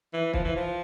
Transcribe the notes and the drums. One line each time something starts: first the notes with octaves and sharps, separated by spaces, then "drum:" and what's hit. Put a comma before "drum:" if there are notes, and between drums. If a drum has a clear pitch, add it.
E3
F3, drum: kick
E3
F3